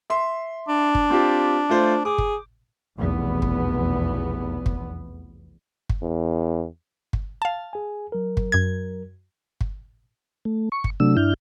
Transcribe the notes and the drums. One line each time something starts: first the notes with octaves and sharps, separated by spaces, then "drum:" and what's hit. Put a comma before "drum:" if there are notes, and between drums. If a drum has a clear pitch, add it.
E5 C6
D4
drum: kick G1
C4 F4 G4
A3 F4 C5
G#4 D6
drum: kick G1
F1 B1 E2 B3
drum: kick G1
drum: kick G1
drum: kick G1
E2
drum: kick G1
F5 A5
G#4 G#5
F#3 A#4
drum: kick G1
F#2 G#6
drum: kick G1
A3
C#6
drum: kick G1
C3 F#3 A3 D4 E6
G2 D4 E4 F6 G6